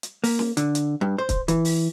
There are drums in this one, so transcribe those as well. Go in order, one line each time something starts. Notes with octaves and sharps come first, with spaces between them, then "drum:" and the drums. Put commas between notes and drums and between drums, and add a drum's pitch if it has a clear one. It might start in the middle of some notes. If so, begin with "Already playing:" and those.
drum: hi-hat
A#3, drum: open hi-hat
drum: snare
D3, drum: hi-hat
drum: hi-hat
G2
C5
drum: kick, hi-hat
E3, drum: hi-hat
drum: open hi-hat